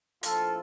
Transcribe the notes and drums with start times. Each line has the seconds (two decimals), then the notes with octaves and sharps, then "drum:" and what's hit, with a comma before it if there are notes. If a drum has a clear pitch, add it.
0.23 A#1 A2 F3 F4 A4, drum: hi-hat